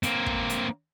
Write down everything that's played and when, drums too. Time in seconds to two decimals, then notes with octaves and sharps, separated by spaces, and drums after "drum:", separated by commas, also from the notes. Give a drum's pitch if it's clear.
0.03 A#3 C4, drum: hi-hat
0.26 drum: kick
0.50 drum: hi-hat